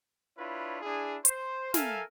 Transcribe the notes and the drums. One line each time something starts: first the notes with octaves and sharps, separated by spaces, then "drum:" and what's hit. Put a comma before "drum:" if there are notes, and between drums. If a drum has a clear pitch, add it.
D4 E4 F4 B4 C#5
D4 E4 G#4
C5, drum: hi-hat
A4 A#4 E5 F5 G#5, drum: snare